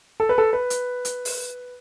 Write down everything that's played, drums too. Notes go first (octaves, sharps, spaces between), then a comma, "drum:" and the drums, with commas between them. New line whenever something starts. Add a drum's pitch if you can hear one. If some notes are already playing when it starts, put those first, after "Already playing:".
A4
B4
A4
B4
drum: hi-hat
drum: hi-hat
drum: open hi-hat